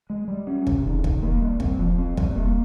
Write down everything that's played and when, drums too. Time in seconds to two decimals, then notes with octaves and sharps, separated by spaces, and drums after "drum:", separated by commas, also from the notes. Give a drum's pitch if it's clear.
0.10 G#3
0.28 G3
0.47 C#4
0.67 C3, drum: kick
0.85 D#3
1.04 D#3, drum: kick
1.22 A#3
1.42 G3
1.60 C4, drum: kick
1.79 F3
1.98 C4
2.17 G3, drum: kick
2.36 A#3